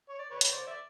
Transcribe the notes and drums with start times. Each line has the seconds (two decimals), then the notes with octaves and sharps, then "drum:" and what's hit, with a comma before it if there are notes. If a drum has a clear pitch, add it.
0.09 C#5
0.19 D5
0.30 B4 C#5
0.41 drum: hi-hat
0.52 C5 D5
0.66 D5 E5